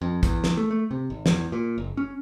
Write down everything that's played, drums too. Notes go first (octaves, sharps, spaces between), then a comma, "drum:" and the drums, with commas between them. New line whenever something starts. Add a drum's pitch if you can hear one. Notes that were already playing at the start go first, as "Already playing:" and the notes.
F2
E2, drum: kick, hi-hat
drum: snare
A3
A3
C3
G#1
E2, drum: snare
A#2
F#1
C#4